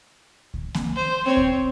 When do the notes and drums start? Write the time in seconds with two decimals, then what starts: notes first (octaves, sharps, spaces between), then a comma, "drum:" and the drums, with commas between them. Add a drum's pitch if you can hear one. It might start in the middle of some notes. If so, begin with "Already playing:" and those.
0.54 drum: kick C#2
0.75 drum: snare A#3
0.96 C5
1.26 C4 C#5
1.37 drum: kick C#2